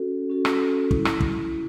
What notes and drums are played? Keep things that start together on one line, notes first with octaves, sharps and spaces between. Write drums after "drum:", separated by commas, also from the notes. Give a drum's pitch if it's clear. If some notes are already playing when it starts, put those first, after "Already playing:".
Already playing: C#4 F#4 A4
C#4 F#4 A4
drum: rim click
E4, drum: kick
drum: rim click
drum: kick